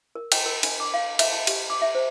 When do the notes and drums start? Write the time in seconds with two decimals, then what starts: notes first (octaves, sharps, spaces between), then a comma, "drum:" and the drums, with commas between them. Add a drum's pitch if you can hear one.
0.15 A#4
0.32 G5, drum: cymbal
0.46 A#4
0.63 D4, drum: cymbal
0.80 D6
0.94 F5
1.19 E5, drum: cymbal
1.33 A5
1.47 G4, drum: cymbal
1.70 D6
1.82 E5
1.95 C5